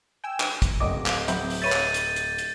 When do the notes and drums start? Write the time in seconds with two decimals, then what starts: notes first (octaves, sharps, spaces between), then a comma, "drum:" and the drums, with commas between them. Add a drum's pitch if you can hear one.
0.24 G5 G#5 E6
0.40 drum: clap
0.62 drum: kick, hi-hat
0.80 D1 C#2 F#2 A#2 D#5 D6
1.06 drum: clap
1.28 F#3 C4 E4 G6, drum: hi-hat
1.50 drum: open hi-hat
1.62 B4 C#5 E5 A6 D#7
1.72 drum: clap
1.94 drum: hi-hat
2.16 drum: hi-hat
2.38 drum: hi-hat